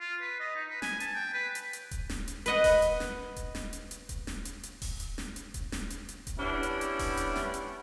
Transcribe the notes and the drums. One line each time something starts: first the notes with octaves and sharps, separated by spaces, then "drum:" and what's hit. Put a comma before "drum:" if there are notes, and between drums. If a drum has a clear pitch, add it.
F4
B4
D#5
D#4
B4
G#5, drum: snare
A5, drum: hi-hat
G5
B4
drum: hi-hat
drum: hi-hat
drum: kick D#1, hi-hat
drum: snare
drum: hi-hat
B4 D#5 F#5, drum: hi-hat
drum: kick D#1, open hi-hat
drum: hi-hat
drum: snare
drum: kick D#1, hi-hat
drum: snare
drum: hi-hat
drum: hi-hat
drum: kick D#1, hi-hat
drum: snare
drum: hi-hat
drum: hi-hat
drum: kick D#1, open hi-hat
drum: hi-hat
drum: snare
drum: hi-hat
drum: kick D#1, hi-hat
drum: snare
drum: hi-hat
drum: hi-hat
drum: kick D#1, hi-hat
G3 B3 C#4 D4 E4
drum: hi-hat
drum: hi-hat
drum: kick D#1, open hi-hat
drum: hi-hat
drum: snare
drum: hi-hat